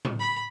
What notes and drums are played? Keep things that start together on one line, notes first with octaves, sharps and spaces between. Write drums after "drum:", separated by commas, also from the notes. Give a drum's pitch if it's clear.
drum: tom A2
B5